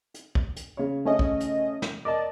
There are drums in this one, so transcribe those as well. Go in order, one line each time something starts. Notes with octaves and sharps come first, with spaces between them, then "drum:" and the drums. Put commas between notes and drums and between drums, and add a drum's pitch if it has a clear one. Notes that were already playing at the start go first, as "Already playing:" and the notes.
drum: hi-hat
drum: kick B1
drum: hi-hat
C#3 C#5
A3 C#4 D#5
drum: kick B1
drum: hi-hat
drum: snare
A#4 D5 D#5 A5